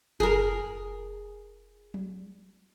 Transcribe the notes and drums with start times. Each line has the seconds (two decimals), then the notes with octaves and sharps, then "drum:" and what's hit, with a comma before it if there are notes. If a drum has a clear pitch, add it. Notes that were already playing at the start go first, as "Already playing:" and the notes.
0.20 G#4 A#4, drum: kick F#1
1.94 drum: tom F#3